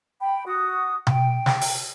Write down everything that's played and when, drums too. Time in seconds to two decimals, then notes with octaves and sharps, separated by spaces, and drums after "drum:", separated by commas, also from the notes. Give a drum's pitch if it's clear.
0.21 G5 B5
0.46 F#4 D#6
1.07 G5, drum: tom B2
1.46 drum: snare
1.61 drum: open hi-hat